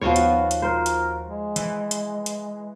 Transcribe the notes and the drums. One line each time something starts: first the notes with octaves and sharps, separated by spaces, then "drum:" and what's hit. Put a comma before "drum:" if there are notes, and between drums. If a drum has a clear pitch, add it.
D#2 F3 B3 F4 F#4 C#5
drum: hi-hat
drum: hi-hat
A#4 C5
drum: hi-hat
G#3
E3, drum: hi-hat
drum: hi-hat
drum: hi-hat